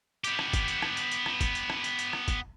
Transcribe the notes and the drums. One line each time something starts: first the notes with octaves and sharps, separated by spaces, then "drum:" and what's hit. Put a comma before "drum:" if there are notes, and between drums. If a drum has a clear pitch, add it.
B3 G4, drum: hi-hat
drum: rim click
drum: kick, hi-hat
drum: hi-hat
drum: rim click
drum: hi-hat
drum: hi-hat
drum: rim click
drum: kick, hi-hat
drum: hi-hat
drum: rim click
drum: hi-hat
drum: hi-hat
drum: rim click
drum: kick, hi-hat